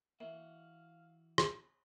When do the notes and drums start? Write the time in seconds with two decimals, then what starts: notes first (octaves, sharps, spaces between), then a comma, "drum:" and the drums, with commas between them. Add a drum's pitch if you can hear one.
0.20 E3 A#3 F#4 E5 F5
1.38 drum: rim click